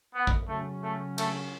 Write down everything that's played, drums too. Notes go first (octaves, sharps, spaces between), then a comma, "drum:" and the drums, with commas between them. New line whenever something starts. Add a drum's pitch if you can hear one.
B3
drum: kick A#1
C#3 F#3 A3 C#4
A3
A3, drum: cymbal